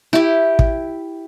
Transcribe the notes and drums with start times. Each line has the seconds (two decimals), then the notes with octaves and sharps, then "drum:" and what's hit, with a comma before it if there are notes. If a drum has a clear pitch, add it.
0.13 E4 G4
0.59 drum: kick